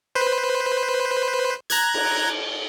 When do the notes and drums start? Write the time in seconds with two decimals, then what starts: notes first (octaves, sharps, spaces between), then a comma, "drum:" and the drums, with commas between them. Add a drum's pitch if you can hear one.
0.15 B4 C5
1.70 A#5 F#6 G#6, drum: hi-hat
1.94 drum: cymbal